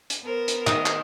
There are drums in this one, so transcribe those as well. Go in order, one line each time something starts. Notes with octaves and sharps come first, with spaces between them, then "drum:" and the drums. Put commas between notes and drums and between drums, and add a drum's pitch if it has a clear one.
drum: hi-hat
B3 A#4 C5
drum: hi-hat
D#3, drum: clap
drum: clap